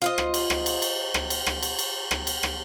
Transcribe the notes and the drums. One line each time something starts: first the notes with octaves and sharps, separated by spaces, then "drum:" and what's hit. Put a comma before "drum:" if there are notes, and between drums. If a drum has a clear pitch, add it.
F4 C5 D#5
drum: rim click
drum: cymbal
drum: rim click
drum: cymbal
drum: cymbal
drum: rim click
drum: cymbal
drum: rim click
drum: cymbal
drum: cymbal
drum: rim click
drum: cymbal
drum: rim click